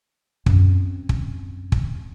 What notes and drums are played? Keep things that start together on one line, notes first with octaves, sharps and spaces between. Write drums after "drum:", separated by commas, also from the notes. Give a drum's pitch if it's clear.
F#2 C4, drum: kick
drum: kick
drum: kick